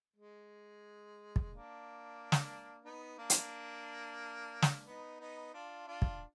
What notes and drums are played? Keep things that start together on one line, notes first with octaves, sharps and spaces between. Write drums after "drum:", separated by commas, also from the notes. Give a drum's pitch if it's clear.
G#3
drum: kick
A#3 D4
drum: snare
B3 D#4
A#3 D4
drum: hi-hat
drum: snare
B3 D#4
B3 D#4
D4 F4
D4 F4
drum: kick